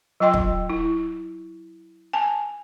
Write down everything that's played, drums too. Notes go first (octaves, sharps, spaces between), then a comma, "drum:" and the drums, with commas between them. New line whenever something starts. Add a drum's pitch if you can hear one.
F#3 F4 D#5 G5 C6
drum: kick
E4
G#5 A5